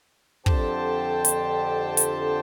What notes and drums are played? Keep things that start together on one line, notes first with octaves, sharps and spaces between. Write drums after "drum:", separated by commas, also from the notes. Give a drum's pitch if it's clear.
F2 D3 G4 C5 G5 A5, drum: kick
drum: hi-hat
drum: hi-hat